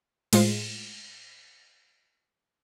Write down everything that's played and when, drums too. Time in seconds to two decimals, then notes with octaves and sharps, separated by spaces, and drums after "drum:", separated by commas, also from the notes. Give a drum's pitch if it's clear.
0.33 A2 G#3 F4 C5 C7, drum: cymbal